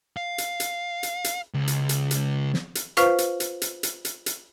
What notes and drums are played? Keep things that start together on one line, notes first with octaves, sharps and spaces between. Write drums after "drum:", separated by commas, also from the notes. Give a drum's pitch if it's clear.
F5
drum: hi-hat
drum: hi-hat
drum: hi-hat
drum: hi-hat
C#2
drum: hi-hat
drum: hi-hat
drum: hi-hat
drum: snare
drum: hi-hat
F4 B4 C5 F5 C#6, drum: hi-hat
drum: hi-hat
drum: hi-hat
drum: hi-hat
drum: hi-hat
drum: hi-hat
drum: hi-hat